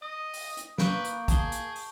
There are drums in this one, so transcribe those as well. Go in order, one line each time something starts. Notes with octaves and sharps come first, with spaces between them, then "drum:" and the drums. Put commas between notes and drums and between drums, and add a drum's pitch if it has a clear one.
D#5 D#6
drum: open hi-hat
drum: hi-hat
A#3 B4 C#6 G6 D7, drum: snare
drum: hi-hat
G#4 A5 G7, drum: kick, hi-hat
drum: hi-hat
drum: open hi-hat